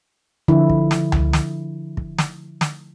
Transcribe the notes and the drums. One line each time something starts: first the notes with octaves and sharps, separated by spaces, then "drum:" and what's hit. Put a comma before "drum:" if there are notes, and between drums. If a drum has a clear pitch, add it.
D3 F3 E4
drum: kick
drum: snare
drum: tom C#2
drum: snare
drum: kick
drum: snare
drum: snare